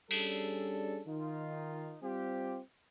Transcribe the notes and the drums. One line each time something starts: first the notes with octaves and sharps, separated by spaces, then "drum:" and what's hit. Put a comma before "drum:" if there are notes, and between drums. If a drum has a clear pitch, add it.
G3 C#4 D4 G#4 A4, drum: cymbal
D#3 D#4 F4
G3 C4 F4 G4